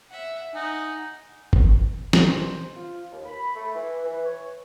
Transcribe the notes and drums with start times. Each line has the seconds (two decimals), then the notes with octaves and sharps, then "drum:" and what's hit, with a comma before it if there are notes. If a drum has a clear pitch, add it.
0.10 E5 F#5
0.55 D#4 F#5 G#5
1.53 drum: kick
2.13 D#3, drum: snare
2.28 C5
2.76 F4
3.12 D#2
3.25 B5
3.55 A3
3.75 E3
4.05 E3
4.26 C#5